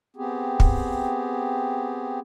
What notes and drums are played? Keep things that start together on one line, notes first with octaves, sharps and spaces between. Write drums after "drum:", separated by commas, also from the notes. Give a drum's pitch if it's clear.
B3 C4 G4 G#4
drum: kick